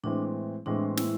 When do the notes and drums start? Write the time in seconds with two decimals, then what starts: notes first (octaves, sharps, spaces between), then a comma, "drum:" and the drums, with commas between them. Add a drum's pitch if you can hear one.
0.03 A2 E3 G#3 C4 D4
0.66 A2 E3 G#3 C4 D4
0.97 E4, drum: snare